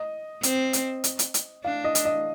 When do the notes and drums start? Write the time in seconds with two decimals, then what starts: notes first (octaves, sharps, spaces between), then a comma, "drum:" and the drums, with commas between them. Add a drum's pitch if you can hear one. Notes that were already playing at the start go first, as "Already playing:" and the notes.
Already playing: D#5
0.43 C4, drum: hi-hat
0.73 drum: hi-hat
1.04 drum: hi-hat
1.19 drum: hi-hat
1.34 drum: hi-hat
1.64 D4 F5
1.84 D#5
1.95 drum: hi-hat
2.05 D#5